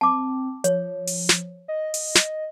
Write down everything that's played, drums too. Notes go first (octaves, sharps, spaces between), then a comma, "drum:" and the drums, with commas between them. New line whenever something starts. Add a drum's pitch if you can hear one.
C4 A5 D6
F3 C#5, drum: hi-hat
drum: open hi-hat
drum: snare
D#5
drum: open hi-hat
drum: snare